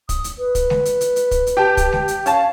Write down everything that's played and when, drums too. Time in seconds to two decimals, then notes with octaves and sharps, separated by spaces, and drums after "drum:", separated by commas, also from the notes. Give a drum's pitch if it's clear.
0.09 D#6, drum: kick, hi-hat
0.24 drum: hi-hat
0.39 B4
0.55 drum: kick, hi-hat
0.70 drum: snare G#3
0.85 drum: hi-hat
1.01 drum: hi-hat
1.16 drum: hi-hat
1.31 drum: kick, hi-hat
1.47 drum: hi-hat
1.57 G4 G5 A5
1.77 drum: kick, hi-hat
1.93 drum: snare G#3
2.08 drum: hi-hat
2.26 C#4 F5 A5, drum: hi-hat